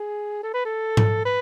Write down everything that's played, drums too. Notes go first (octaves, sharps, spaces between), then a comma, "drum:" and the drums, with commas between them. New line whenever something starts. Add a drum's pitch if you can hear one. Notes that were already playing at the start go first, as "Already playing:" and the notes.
Already playing: G#4
A4
B4
A4
drum: tom G#2
B4